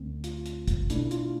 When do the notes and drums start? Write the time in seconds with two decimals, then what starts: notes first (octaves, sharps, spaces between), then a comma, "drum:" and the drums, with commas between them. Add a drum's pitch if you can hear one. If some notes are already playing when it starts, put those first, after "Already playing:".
Already playing: D2 D3 A3 C4
0.24 F4, drum: hi-hat
0.46 drum: hi-hat
0.68 drum: kick, hi-hat
0.90 B1 B2 A3 D4 E4, drum: hi-hat
1.11 F4, drum: hi-hat